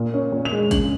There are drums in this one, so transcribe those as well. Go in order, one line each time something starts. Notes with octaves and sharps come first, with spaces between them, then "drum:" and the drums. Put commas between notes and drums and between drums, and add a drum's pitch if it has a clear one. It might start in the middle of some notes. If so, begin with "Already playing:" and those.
Already playing: A#2
C#4
A#2
F7
G#3
C#3 F#7, drum: kick, hi-hat